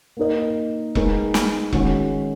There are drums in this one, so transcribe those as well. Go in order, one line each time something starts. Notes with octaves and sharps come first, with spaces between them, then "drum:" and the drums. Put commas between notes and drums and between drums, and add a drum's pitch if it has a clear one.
A#3 D#4 A#4 D#5
G#3 B3 D#4 A#4, drum: kick E1
drum: snare
D#3 G#3 C#4 F#4, drum: kick E1